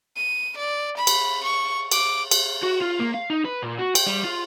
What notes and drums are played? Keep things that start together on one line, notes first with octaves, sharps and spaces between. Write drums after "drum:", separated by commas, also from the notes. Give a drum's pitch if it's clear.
D#7
D5
B5
drum: cymbal
C#6
D6, drum: cymbal
drum: cymbal
F#4
F4
A#3
F5
D#4
B4
A#2
F#4
G5, drum: cymbal
G3
F4